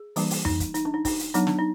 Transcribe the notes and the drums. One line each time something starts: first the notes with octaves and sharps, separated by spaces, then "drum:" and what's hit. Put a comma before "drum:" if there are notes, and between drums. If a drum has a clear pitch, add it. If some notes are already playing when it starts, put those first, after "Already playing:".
Already playing: G#4
E3 G3 A#3 D4, drum: open hi-hat
drum: open hi-hat
D#4, drum: tom F2
drum: kick, hi-hat
D#4, drum: hi-hat
D4
D#4
D#4, drum: kick, open hi-hat
drum: hi-hat
F#3 B3 D4 D#4, drum: hi-hat
D4, drum: snare
D#4